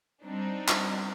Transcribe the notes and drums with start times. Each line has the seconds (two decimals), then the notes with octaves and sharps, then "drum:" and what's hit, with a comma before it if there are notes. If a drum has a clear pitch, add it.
0.23 G3 C4 D4 D#4
0.68 drum: clap